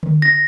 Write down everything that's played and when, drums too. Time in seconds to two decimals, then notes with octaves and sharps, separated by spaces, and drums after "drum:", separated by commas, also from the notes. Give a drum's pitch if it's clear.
0.03 drum: tom D3
0.22 A#6